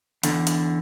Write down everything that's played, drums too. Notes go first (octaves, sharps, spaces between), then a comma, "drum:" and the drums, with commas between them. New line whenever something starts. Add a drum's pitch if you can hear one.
E2 D3, drum: hi-hat
drum: hi-hat